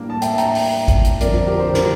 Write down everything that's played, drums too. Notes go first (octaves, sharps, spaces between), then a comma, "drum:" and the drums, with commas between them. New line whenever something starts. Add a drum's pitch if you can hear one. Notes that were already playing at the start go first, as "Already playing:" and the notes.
Already playing: A2 E3 G3 A#3 D4 A#4
A5
E5 G5, drum: hi-hat
A5
G5 A#5, drum: hi-hat
drum: open hi-hat
drum: kick G#1, hi-hat
drum: hi-hat
F2 D3 F3 A#4 D5, drum: hi-hat
G4 A#4
C5
A#4, drum: snare